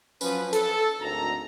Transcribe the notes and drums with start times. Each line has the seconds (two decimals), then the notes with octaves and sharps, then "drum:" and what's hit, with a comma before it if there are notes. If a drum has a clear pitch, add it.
0.21 F3 F#3 C#4 B4, drum: tambourine
0.53 A4, drum: hi-hat
1.00 G#1 D2 A#5